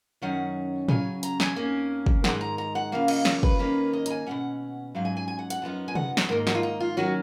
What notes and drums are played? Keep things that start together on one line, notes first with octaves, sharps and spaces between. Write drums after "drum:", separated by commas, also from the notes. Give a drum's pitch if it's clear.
F#2 D#3 F#3 C#4 F#5
C#3 F#3 C#4 G#5, drum: tom A2
A#5, drum: hi-hat
G#5, drum: snare
F2 D#3 A#3 C#4
drum: kick
G#2 D#3 G#3 D#4 F#5, drum: snare
A#5
A#5
F#5
C#3 F3 A#3 F5
D#5, drum: cymbal
C#5, drum: snare
B4, drum: kick
D#2 D#3 A#3 C#4 B4
D#5
A#5, drum: hi-hat
G#5
B2 F#3 C#4 F#5
G#2 F#3 C#4 F5
G#5
G#5
G#5
F#5
F#5, drum: hi-hat
F#2 F3 B3 D#4
G#5
F#5, drum: tom C3
drum: snare
G#2 D#3 A#3 D#4 A#4
F#4, drum: snare
F4
D#4
F4
D#3 F#3 C#4 F#4